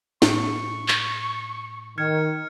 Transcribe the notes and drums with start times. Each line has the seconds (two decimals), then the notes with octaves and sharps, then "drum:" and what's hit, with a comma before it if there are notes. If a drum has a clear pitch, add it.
0.22 A2 C#6, drum: snare
0.88 drum: clap
1.98 D#3 F6 G#6 C#7